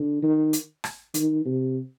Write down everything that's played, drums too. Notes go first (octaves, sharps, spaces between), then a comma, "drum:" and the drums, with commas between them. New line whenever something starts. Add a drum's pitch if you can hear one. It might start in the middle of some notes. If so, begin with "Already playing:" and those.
Already playing: D3
D#3
drum: hi-hat
drum: rim click
D#3, drum: hi-hat
C3